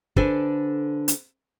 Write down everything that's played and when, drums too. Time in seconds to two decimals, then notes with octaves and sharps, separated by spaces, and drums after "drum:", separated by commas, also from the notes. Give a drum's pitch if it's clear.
0.16 D3 D4 A4 B4 C5 G#5, drum: kick
1.08 drum: hi-hat